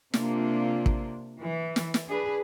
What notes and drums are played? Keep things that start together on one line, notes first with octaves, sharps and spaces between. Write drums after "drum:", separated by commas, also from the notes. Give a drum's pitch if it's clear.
C3 A#3 D4 F4, drum: snare
drum: kick
E3
drum: snare
drum: snare
D4 G#4 B4